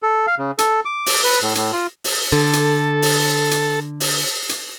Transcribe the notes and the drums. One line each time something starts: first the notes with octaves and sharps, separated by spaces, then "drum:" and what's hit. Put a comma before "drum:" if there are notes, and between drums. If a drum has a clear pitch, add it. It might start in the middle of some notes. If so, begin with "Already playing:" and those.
A4
F5
C#3
A4, drum: hi-hat
D6
drum: open hi-hat
B4
A2
A2, drum: hi-hat
F4
drum: open hi-hat
D3 A4
drum: hi-hat
drum: open hi-hat
drum: hi-hat
drum: open hi-hat
drum: hi-hat